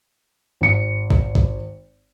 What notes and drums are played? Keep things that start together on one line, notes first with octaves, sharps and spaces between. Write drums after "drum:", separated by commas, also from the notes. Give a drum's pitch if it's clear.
G#1 C#7
drum: kick A1
drum: kick A1